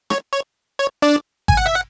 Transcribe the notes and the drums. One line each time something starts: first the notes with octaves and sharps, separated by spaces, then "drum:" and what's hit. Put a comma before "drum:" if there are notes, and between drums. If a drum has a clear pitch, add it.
C#5, drum: rim click
C#5
C#5
D4 D5
G#5, drum: kick G#1
F#5
E5
F#5